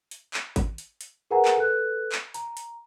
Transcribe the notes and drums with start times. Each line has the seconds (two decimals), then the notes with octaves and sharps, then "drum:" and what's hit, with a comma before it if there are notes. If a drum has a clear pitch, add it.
0.11 drum: hi-hat
0.34 drum: clap
0.56 drum: kick G#1, hi-hat
0.78 drum: hi-hat
1.01 drum: hi-hat
1.31 G#4 A#4 B4 F#5 G#5 A#5
1.45 drum: clap
1.57 A4 B4 F#6
2.12 drum: clap
2.34 A#5, drum: hi-hat
2.57 drum: hi-hat